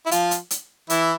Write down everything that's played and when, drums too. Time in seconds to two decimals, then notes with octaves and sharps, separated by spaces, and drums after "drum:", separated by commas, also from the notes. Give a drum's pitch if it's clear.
0.06 E4
0.11 F3 F4, drum: hi-hat
0.31 drum: hi-hat
0.51 drum: hi-hat
0.90 E3 E4, drum: hi-hat